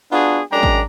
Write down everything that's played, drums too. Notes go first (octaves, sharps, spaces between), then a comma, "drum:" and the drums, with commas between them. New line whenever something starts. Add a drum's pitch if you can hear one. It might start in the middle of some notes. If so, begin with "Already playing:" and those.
B3 D4 F4 F#4 G#4
F#2 G#3 D4 G5 A#5
drum: kick G#1